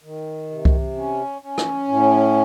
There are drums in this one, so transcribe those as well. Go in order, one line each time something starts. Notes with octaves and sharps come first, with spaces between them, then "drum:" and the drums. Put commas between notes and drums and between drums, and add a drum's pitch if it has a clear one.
D#3
C3
drum: kick C2
C#4
C#4
drum: rim click
A2